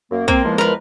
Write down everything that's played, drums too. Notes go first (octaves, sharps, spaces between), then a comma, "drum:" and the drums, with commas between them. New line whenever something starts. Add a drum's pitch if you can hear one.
F#2 A#3
A#3 C4, drum: kick
E2 F3 G#3
A#4 B4